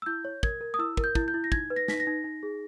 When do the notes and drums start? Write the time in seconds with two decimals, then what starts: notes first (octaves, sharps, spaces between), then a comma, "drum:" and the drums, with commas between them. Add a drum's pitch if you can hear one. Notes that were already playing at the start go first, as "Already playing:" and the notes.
0.02 E6
0.06 E4 G6
0.25 C#5
0.43 A#4 G#6, drum: kick
0.61 A#4
0.74 D#6
0.79 E4 E6
0.97 A#4, drum: kick
1.04 G6
1.15 E4, drum: kick
1.28 G6
1.34 E4
1.44 A#6
1.52 D#4 G#6, drum: kick
1.70 B4
1.76 A#6
1.88 D#4 B6, drum: snare
2.00 A#6
2.07 D#4
2.24 D#4
2.43 G#4